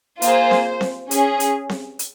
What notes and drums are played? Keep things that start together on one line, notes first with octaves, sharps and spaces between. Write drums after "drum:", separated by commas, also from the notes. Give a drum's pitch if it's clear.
A#3 F4 G#4 C5, drum: hi-hat
drum: snare C4
drum: snare C4
C#4 G#4, drum: hi-hat
drum: hi-hat
drum: snare C4
drum: hi-hat